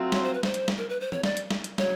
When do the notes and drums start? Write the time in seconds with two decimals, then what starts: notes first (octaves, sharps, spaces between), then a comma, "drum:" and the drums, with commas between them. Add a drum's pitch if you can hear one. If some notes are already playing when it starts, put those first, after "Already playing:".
Already playing: F#3 A3 C4 F4
0.12 C#5, drum: snare
0.23 C5
0.34 B4
0.43 C5, drum: snare
0.54 drum: hi-hat
0.68 drum: snare
0.78 A#4
0.89 B4
1.00 C5
1.12 C#5, drum: tom E3
1.24 D5, drum: snare
1.37 drum: hi-hat
1.51 drum: snare
1.64 drum: hi-hat
1.78 C#3 F#3 C#5, drum: snare